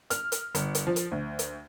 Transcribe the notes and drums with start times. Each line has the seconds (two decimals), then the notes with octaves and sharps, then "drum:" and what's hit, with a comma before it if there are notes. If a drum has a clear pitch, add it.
0.10 F6, drum: hi-hat
0.32 drum: hi-hat
0.55 G1, drum: hi-hat
0.75 drum: hi-hat
0.87 F3
0.96 drum: hi-hat
1.11 D2
1.39 drum: hi-hat